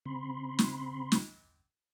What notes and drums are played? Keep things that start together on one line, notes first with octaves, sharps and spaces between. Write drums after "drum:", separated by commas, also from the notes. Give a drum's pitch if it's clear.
C#3 C4 B5 C6
drum: snare
drum: snare